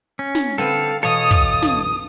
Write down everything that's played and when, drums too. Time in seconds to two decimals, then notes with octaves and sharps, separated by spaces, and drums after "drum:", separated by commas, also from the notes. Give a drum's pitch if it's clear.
0.19 C#4
0.35 drum: snare
0.58 D3 C4 A4 B4 F5
1.03 B2 E3 A4 C#5 D#5 F5 D#6
1.31 drum: kick
1.63 drum: snare